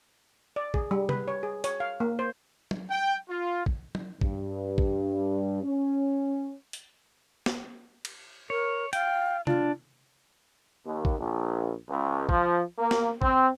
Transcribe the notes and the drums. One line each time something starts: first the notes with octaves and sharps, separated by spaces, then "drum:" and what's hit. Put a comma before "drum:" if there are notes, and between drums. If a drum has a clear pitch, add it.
D5
G#4, drum: kick
G3
B4, drum: tom C3
C#5
G#4
C#5, drum: hi-hat
F5
A#3
C5
drum: tom
G5
F4
drum: kick
drum: tom
G2, drum: kick
drum: kick
C#4
drum: hi-hat
drum: snare
drum: cymbal
A#4 C#5
F5 G5, drum: hi-hat
D4 F4, drum: tom C3
D#2
drum: kick
A#1
C#2
F3, drum: kick
A#3
drum: snare
C4, drum: kick